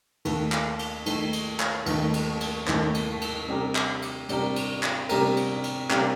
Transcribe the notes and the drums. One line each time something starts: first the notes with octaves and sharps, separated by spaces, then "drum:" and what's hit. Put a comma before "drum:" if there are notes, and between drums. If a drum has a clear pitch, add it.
D#2 D#3 A3, drum: cymbal
drum: clap
drum: cymbal
D#2 D#3 A3, drum: cymbal
drum: cymbal
drum: clap
D#2 D#3 A3, drum: cymbal
drum: cymbal
drum: cymbal
D#2 D#3 A3, drum: clap
drum: cymbal
drum: cymbal
C3 G3 D4 G4 A#4
drum: clap
drum: cymbal
C3 G3 D4 G4 A#4, drum: cymbal
drum: cymbal
drum: clap
C3 G3 D4 G4 A#4, drum: cymbal
drum: cymbal
drum: cymbal
C3 G3 D4 G4 A#4, drum: clap